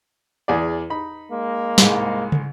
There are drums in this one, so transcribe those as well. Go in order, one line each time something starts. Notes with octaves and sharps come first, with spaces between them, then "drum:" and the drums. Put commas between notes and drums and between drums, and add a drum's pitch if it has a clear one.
E2 G#4 D5
D#4 B5
G#3 A#3
C2 G#2, drum: snare
drum: tom